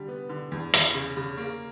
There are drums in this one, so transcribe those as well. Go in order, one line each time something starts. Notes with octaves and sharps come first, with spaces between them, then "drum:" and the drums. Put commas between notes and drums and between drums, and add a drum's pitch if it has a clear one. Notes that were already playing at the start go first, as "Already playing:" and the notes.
Already playing: D3 G3
B3
D3
E2
E2, drum: hi-hat
C#3
C#3
A#3